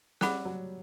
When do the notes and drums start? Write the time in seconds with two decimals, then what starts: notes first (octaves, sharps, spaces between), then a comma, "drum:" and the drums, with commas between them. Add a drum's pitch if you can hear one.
0.21 G3 F#5 B5 D6 F#6, drum: snare
0.45 F#3